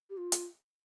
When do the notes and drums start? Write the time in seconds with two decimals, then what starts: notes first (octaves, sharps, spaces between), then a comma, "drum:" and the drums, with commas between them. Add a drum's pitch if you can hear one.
0.10 G4
0.17 F4
0.32 drum: hi-hat